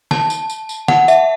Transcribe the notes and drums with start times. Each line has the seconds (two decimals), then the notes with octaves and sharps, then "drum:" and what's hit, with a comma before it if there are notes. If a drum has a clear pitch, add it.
0.11 A5, drum: snare
0.30 drum: tambourine
0.50 drum: tambourine
0.69 drum: tambourine
0.88 F#5, drum: snare
1.08 E5, drum: tambourine